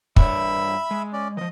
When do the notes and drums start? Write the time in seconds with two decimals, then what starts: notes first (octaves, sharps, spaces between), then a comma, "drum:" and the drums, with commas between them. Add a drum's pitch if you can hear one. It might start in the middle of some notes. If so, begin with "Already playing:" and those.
0.16 G2 D4 C#5 E5 B5 E6, drum: kick
0.91 G#3
1.13 C#4 D5
1.37 E3 F3 D#5